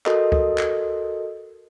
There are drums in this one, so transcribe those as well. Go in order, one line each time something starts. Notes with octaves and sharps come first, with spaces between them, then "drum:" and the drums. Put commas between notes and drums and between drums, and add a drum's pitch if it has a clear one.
F#4 A4 A#4 D#5, drum: clap
drum: kick C#2
drum: clap